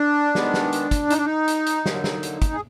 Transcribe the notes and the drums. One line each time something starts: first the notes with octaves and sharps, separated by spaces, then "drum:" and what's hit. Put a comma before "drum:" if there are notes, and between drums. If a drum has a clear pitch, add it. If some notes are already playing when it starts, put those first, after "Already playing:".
Already playing: D4
D#3 G#3 B3, drum: snare
drum: snare
drum: hi-hat
drum: kick, hi-hat
D#4, drum: hi-hat
D4
D#4
drum: hi-hat
drum: hi-hat
D3 F#3 A#3, drum: snare
drum: snare
drum: hi-hat
drum: kick, hi-hat
G#4